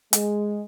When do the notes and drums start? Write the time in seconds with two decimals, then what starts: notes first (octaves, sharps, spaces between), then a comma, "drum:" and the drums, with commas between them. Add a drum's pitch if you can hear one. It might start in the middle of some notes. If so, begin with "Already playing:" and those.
0.13 G#3, drum: hi-hat